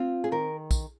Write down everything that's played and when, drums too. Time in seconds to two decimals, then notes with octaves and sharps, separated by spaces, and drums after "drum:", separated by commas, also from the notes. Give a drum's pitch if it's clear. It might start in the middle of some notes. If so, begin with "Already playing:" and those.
Already playing: C4 F4
0.24 G#4
0.32 D#3 A#4
0.71 drum: kick, tambourine